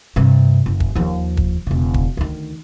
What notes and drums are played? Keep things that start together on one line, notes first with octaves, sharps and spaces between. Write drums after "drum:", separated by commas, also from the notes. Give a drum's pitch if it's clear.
G2 C3
F#1
drum: kick
D#2 F3
drum: kick
E1 C#3
drum: kick
D2 D#3